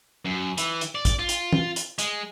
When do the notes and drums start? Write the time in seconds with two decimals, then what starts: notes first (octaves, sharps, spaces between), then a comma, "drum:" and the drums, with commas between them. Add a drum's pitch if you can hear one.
0.25 F#2
0.58 E3, drum: hi-hat
0.81 drum: hi-hat
0.95 D5
1.05 drum: kick, hi-hat
1.19 F4
1.29 drum: hi-hat
1.53 drum: tom
1.76 drum: hi-hat
1.99 G#3, drum: hi-hat